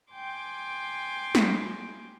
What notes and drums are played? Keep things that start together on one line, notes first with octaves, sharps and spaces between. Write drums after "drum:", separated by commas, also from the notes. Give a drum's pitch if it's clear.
G5 G#5 C6 D6
drum: snare